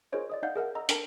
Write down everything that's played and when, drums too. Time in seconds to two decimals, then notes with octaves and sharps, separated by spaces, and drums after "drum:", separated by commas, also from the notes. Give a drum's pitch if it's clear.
0.12 F4 G#4 A#4 C5 C#5 D#5
0.30 D5 D#5 D#6
0.43 D#4 D5 D#5 F5 F#5 G6
0.56 G#4 A#4 E5 F#5
0.75 D#5 A#5 E6
0.89 D4 A4 A#4 G5 A5 A#5, drum: hi-hat